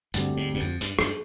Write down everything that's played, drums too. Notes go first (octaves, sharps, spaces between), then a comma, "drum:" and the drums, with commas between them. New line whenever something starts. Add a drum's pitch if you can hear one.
D2 G2 D3 G3 C4, drum: hi-hat
G#2
G2
F2
G2, drum: hi-hat
G2, drum: rim click